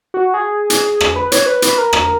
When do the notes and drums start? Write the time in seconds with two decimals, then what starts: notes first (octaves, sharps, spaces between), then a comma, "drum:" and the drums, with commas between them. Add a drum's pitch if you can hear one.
0.14 F#4
0.34 G#4
0.70 drum: hi-hat
1.01 drum: rim click
1.16 B4
1.32 C#5, drum: hi-hat
1.46 B4
1.62 B4, drum: hi-hat
1.78 A#4
1.93 drum: rim click